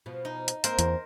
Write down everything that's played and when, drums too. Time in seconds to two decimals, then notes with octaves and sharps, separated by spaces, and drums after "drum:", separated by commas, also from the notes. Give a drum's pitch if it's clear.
0.06 B2 F3
0.25 D#4
0.48 drum: hi-hat
0.64 A#3 C4 A#4 C5, drum: hi-hat
0.79 E2, drum: hi-hat